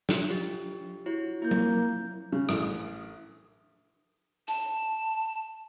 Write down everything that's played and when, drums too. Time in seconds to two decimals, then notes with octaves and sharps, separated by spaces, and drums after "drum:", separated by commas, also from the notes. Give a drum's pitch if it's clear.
0.09 F4, drum: snare
0.30 G4, drum: hi-hat
1.06 E4 F#4 C#5
1.42 A#3 E4 G6
1.51 drum: tom F#3
2.32 C#3
2.49 A1, drum: rim click
4.48 A5, drum: hi-hat